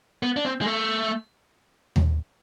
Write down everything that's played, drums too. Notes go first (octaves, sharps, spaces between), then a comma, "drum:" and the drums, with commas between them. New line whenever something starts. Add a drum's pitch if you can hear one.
B3
D4
C4
G#3
A3
drum: tom D#2